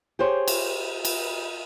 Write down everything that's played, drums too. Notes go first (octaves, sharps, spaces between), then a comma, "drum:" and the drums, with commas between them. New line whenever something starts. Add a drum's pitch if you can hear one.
G4 G#4 C5 C#5
drum: cymbal
drum: cymbal